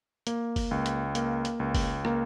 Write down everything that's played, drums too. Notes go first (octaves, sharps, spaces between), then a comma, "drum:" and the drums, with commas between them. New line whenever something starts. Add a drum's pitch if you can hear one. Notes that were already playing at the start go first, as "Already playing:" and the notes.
A#3, drum: hi-hat
drum: kick F#1, open hi-hat
C#2
drum: hi-hat
A#3, drum: hi-hat
drum: hi-hat
C#2
drum: kick F#1, open hi-hat
A#3, drum: rim click